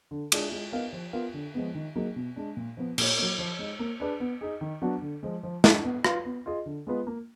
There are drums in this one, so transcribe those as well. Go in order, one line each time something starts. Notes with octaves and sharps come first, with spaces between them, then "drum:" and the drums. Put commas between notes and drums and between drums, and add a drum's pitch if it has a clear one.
D3
G#3 D4 G#4 D5, drum: cymbal
G#3
B3 D#4 A#4 F5
F3
B3 F4 A#4 F5
D3
F3 G#3 B3
D#3
F#3 A#3 D#4 G#4
B2
G#3 D4
A#2
F3 B3
A#2, drum: cymbal
F#3 A#3
F3
G#3 D#4
A#3
D4 G#4 B4 D5
B3
D#4 G#4
D#3
F#3 B3 D4 F#4
D3
F3 G#3
F3
G#3 D4, drum: snare
B3
F4 B4 F5, drum: rim click
B3
F4 G#4 D#5
D3
G#3 B3 F4 B4
A#3